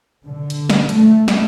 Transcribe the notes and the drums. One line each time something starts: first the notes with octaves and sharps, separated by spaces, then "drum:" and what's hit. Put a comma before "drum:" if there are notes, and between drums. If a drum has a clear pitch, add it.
D3
drum: hi-hat
drum: snare
A3, drum: hi-hat
drum: snare